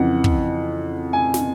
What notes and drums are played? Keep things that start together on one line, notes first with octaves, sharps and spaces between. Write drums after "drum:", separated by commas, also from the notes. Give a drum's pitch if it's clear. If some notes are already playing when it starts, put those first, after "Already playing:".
Already playing: F2 C#3 E3 F#5
drum: kick
G#5
drum: snare